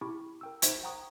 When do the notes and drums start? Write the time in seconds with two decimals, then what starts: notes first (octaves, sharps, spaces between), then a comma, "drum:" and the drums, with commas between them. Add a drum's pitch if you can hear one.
0.01 E4 G4 A5 B5 C#6 D6
0.41 A#4 G5 E6
0.62 D#4 C5 E5 G#6, drum: hi-hat
0.83 F#5 G5 A#5 C#6 D#6